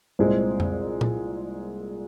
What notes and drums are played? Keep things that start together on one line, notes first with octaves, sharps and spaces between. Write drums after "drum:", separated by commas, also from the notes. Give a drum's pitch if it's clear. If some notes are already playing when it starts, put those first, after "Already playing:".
C2 A#2 G#3 C4
drum: tom F2
drum: tom A#2